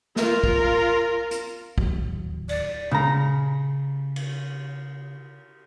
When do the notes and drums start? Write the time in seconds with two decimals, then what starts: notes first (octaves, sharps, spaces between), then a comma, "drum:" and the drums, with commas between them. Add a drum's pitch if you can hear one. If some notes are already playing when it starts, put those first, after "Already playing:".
0.16 F4 A#4, drum: snare
0.44 drum: kick
1.31 drum: hi-hat
1.78 D1 D#2 E3 F#3, drum: kick
2.49 D5, drum: cymbal
2.91 C#3 A#5, drum: tom A#2
4.16 drum: cymbal